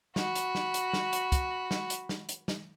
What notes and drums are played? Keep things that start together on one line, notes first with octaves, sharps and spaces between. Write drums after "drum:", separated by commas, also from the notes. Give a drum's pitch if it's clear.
F#4 B5, drum: snare
drum: hi-hat
drum: snare
drum: hi-hat
drum: snare
drum: hi-hat
drum: kick, hi-hat
drum: snare
drum: hi-hat
drum: snare
drum: hi-hat
drum: snare